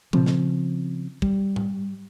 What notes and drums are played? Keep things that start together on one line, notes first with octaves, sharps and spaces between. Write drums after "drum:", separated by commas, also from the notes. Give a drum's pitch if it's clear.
C#3 F3 C4, drum: tom A#2
drum: snare
G3, drum: kick
drum: tom G#2